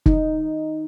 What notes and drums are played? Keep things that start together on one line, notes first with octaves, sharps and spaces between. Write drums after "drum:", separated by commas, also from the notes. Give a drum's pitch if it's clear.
D#4, drum: kick